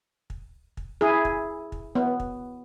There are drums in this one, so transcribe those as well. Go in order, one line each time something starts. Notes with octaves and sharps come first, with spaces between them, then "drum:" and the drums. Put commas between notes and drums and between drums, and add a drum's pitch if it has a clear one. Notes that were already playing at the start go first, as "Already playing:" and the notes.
drum: kick
drum: kick
E4 G#4
drum: kick
drum: kick
B3
drum: kick